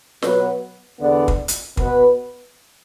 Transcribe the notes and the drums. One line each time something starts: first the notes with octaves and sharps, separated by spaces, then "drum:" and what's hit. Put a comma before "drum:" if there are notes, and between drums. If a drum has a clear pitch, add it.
B2 F#3 B3 B4, drum: snare
E2 D3 B3 D5
drum: kick
drum: hi-hat
B2 B3 B4, drum: kick